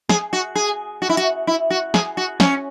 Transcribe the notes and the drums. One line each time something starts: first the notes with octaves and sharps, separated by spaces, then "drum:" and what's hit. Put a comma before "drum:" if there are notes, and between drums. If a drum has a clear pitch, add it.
G#4, drum: snare
F#4
G#4
F#4
E4
F#4, drum: hi-hat
E4
F#4
G#4, drum: snare
F#4
C#4, drum: snare